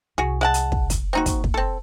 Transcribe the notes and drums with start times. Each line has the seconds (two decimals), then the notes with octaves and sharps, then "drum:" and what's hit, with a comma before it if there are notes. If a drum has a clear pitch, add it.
0.18 C2 F#4 G#4
0.41 G#3 F#5 A5
0.54 drum: hi-hat
0.72 drum: kick
0.90 drum: kick, hi-hat
1.13 D#3 A#3 C4 D#4 F#4
1.26 drum: kick, hi-hat
1.44 drum: kick
1.54 C4 A4